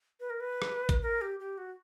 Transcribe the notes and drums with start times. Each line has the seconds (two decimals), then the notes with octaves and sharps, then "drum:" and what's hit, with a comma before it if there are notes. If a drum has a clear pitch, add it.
0.20 B4
0.30 A#4
0.40 B4
0.62 drum: rim click
0.89 drum: kick A1, hi-hat
1.02 A#4
1.21 G4
1.40 G4
1.58 F#4